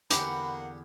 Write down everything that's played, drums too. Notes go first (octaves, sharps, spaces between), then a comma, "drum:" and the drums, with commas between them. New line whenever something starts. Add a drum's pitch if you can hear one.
E2 D3 A#3 G4 A#4 F#5 B5, drum: hi-hat